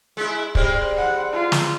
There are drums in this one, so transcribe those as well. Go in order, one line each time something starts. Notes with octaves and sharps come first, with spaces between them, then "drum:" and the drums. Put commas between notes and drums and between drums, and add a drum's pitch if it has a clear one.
G#3 E4
G3 G#3 C4, drum: kick
F#5
F4
drum: snare